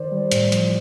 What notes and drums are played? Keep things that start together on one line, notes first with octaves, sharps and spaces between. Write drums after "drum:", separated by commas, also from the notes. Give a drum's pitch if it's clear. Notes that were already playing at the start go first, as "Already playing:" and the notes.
Already playing: D#3 C5 D5
G3
A2, drum: hi-hat
F3, drum: hi-hat